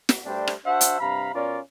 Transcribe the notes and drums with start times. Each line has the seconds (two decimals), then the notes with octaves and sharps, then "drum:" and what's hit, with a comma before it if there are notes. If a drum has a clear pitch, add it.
0.09 drum: snare
0.24 G2 G3 A3 D4 C5 G5
0.47 drum: rim click
0.65 D4 F#4 C5 E5 F#5 A5
0.81 drum: hi-hat
1.00 G2 C3 F5 A#5 B5
1.33 B2 C#4 F4 A#4 D5